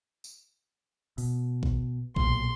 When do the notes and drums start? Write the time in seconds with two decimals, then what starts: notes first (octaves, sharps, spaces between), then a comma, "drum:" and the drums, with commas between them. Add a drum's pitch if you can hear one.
0.24 drum: tambourine
1.18 B2, drum: open hi-hat
1.63 drum: kick
2.16 B1 A#2 C6, drum: kick